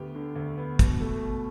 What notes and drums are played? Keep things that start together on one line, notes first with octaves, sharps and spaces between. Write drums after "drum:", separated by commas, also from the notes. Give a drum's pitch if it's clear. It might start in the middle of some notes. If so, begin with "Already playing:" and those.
Already playing: D2 B3 G4
D3
D2
B3
B2, drum: kick, hi-hat
A3
B2